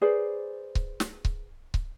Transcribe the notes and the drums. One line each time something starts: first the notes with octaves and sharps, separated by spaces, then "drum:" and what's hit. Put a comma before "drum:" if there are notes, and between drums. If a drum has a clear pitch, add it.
G#4 B4 C5 D5
drum: kick C#1
drum: snare
drum: kick C#1
drum: kick C#1